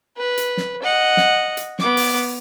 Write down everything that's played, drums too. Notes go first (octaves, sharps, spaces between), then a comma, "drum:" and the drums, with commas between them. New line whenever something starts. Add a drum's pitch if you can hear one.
B4
drum: hi-hat
drum: snare
D#5 F#5
drum: snare
drum: hi-hat
B3 D6, drum: snare
drum: open hi-hat